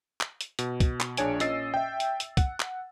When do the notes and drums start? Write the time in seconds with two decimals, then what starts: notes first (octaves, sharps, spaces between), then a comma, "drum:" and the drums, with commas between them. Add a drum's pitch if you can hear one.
0.21 drum: clap
0.41 drum: hi-hat
0.59 B2, drum: hi-hat
0.80 drum: kick, hi-hat
1.00 drum: clap
1.17 A#1 D4 G#4 C#5 G#5 D7, drum: hi-hat
1.40 A#2 C#4 D#5 E6 A6 C7, drum: hi-hat
1.74 E5 G5
2.00 drum: hi-hat
2.20 drum: hi-hat
2.37 F#5, drum: kick, hi-hat
2.60 drum: clap